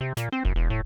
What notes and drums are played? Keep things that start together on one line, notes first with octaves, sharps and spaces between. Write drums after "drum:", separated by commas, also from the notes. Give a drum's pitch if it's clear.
C3
A#2, drum: snare
C4
F#1, drum: kick E1
E1
A2